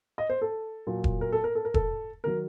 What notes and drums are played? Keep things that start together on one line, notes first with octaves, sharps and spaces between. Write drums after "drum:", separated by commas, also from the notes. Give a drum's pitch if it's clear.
D#5
C5
A4
A#2 F#3
drum: kick E1
A#4
A4
A#4
A4
A#4
A4, drum: kick E1
D#3 F#3 A#4